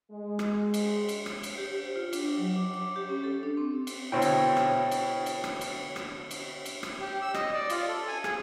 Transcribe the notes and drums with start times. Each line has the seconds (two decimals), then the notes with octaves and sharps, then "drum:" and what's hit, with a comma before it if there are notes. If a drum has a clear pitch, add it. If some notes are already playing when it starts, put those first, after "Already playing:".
0.11 G#3
0.39 drum: rim click
0.74 drum: cymbal
1.09 drum: cymbal
1.26 drum: rim click
1.43 drum: cymbal
1.58 G4
1.82 C5
1.96 F4
2.13 D4, drum: cymbal
2.38 F#3
2.56 D6
2.74 D6
2.96 G4
3.09 C#4
3.24 A4
3.43 D4
3.57 C4
3.87 drum: cymbal
4.12 B2 D3 E4 C5 C#5 G5
4.22 drum: cymbal
4.57 drum: rim click
4.91 drum: cymbal
5.26 drum: cymbal
5.44 drum: rim click
5.61 drum: cymbal
5.96 drum: rim click
6.31 drum: cymbal
6.65 drum: cymbal
6.83 drum: rim click
7.00 G4
7.22 E6
7.34 D#5, drum: rim click
7.53 D5
7.70 F4, drum: cymbal
7.88 A4
8.08 G#5
8.24 G#4, drum: rim click